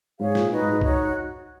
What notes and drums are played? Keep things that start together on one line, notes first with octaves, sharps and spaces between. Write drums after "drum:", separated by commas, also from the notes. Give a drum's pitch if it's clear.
G#2 G#4 C#5 F5
A#2, drum: snare
D#4 F#4 B4 D#5
G#2
G#2
D#4 F#4 C#5, drum: kick C2